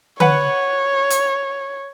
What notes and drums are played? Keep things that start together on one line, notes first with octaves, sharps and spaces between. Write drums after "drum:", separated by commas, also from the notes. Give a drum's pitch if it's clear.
B4 C#5 F#5, drum: tom D3
drum: hi-hat